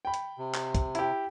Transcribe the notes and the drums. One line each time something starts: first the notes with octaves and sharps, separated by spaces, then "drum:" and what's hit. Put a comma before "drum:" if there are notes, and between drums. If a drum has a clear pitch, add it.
G5 B5
drum: hi-hat
C3
drum: clap
drum: kick, hi-hat
E4 G4, drum: hi-hat